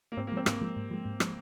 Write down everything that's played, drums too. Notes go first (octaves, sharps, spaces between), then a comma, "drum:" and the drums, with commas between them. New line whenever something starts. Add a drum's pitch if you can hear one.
A#3
G#2 C4
A#3
F3 G#3 C4
G#2 A#3, drum: rim click
F3 G#3
G#2
F3 G#3
G#2
F3 G#3, drum: rim click